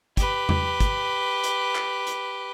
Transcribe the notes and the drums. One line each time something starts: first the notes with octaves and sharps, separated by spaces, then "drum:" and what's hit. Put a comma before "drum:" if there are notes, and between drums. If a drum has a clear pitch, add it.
G4 B4, drum: kick, hi-hat
drum: tom E2
drum: kick, hi-hat
drum: hi-hat
drum: clap
drum: hi-hat